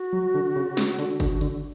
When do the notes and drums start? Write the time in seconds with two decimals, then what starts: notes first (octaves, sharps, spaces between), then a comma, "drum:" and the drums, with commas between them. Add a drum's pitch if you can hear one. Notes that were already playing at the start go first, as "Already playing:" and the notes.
Already playing: F#4
0.13 F#3
0.34 D3
0.56 C#3
0.77 C#3, drum: snare
0.99 D3, drum: hi-hat
1.20 D3, drum: kick F#1, hi-hat
1.41 D3, drum: hi-hat